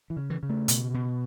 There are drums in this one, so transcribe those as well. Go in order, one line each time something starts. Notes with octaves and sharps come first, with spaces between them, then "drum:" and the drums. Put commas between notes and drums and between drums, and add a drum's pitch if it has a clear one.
E3
C#3
E3
C#3
A3
B2, drum: hi-hat
B2